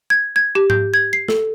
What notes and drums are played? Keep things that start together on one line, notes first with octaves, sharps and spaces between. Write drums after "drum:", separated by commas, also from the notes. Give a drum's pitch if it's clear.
G#6
G#6
G4
G6, drum: tom G#2
G#6
C7
A4, drum: snare